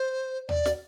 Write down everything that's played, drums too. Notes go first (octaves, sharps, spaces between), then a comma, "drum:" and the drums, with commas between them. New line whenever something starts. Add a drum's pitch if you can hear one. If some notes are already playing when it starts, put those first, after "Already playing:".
Already playing: C5
D5, drum: tom D#2
drum: snare